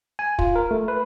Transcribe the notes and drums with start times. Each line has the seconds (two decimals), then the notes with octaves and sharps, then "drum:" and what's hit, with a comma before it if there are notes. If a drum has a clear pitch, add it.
0.19 G#5
0.39 F4, drum: kick
0.56 A#4
0.71 A3
0.88 B4